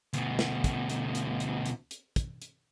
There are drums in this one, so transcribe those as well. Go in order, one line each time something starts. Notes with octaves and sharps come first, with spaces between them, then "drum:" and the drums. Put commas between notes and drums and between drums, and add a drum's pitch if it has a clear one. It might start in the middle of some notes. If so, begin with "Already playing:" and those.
D2 B2, drum: hi-hat
drum: snare
drum: kick, hi-hat
drum: hi-hat
drum: hi-hat
drum: hi-hat
drum: hi-hat
drum: hi-hat
drum: kick, hi-hat
drum: hi-hat